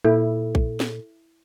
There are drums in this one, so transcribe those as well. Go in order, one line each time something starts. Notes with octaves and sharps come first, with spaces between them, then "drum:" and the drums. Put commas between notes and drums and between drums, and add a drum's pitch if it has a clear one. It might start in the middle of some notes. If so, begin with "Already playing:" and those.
A#2 E4 A4
drum: kick A#1
drum: snare